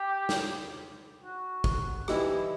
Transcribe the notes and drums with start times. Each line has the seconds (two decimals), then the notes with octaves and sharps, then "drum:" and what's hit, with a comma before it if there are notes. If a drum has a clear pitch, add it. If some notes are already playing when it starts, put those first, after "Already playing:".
Already playing: G4
0.29 drum: snare
1.24 F#4
1.64 drum: kick G#1
2.08 E3 G3 D#4 E4 G4, drum: rim click
2.30 E4